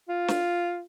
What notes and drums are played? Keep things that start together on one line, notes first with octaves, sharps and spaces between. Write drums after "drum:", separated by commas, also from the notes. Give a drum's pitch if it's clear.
F4
drum: snare